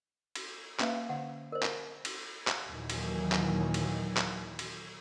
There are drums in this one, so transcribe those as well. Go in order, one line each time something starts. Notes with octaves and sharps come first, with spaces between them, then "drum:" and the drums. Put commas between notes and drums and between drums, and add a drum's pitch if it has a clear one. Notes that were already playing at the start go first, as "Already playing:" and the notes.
drum: cymbal
A#3 C#4 B4 E5 F5, drum: clap
D3 F#5
A#4 C5
drum: clap
drum: cymbal
drum: clap
D#2 A#2 D#3 E3 F#3
drum: cymbal
drum: clap
drum: cymbal
drum: clap
drum: cymbal